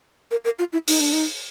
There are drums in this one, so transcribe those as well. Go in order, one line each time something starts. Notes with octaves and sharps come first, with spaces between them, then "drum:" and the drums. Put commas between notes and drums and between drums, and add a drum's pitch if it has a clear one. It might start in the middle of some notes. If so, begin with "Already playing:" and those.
A#4
A#4
F4
E4
D#4, drum: open hi-hat
D4
D#4